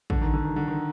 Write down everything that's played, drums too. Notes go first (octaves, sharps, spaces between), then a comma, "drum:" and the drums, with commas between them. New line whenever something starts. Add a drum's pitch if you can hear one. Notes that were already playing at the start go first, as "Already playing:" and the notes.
D3, drum: kick
D#3
D3
D#3
D3
D#3